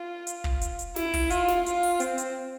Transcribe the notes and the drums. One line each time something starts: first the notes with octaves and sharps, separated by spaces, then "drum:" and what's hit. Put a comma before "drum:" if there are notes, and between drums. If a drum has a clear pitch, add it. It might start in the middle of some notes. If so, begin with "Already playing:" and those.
Already playing: F4
drum: hi-hat
drum: kick
drum: hi-hat
drum: hi-hat
E4, drum: snare
drum: kick, open hi-hat
F4, drum: hi-hat
drum: snare
F4, drum: hi-hat
drum: open hi-hat
C4, drum: hi-hat
drum: hi-hat